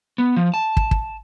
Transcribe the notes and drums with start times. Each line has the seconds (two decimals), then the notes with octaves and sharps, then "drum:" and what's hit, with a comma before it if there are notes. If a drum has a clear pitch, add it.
0.18 B3
0.37 F3
0.54 A5
0.77 drum: kick
0.91 drum: kick